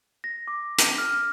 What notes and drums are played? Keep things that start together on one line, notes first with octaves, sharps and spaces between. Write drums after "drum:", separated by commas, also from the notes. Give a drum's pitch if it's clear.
A#6
D6
drum: hi-hat
F6